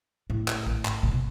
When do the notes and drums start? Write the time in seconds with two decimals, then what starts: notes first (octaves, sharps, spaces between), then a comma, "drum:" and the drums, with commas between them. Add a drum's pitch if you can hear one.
0.30 A2
0.48 drum: clap
0.67 drum: kick A1
0.85 drum: clap
1.03 A#2, drum: kick A1
1.11 B2